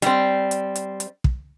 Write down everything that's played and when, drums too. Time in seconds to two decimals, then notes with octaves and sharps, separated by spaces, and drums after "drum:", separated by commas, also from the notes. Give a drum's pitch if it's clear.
0.02 G3 C4, drum: hi-hat
0.51 drum: hi-hat
0.75 drum: hi-hat
1.00 drum: hi-hat
1.24 drum: kick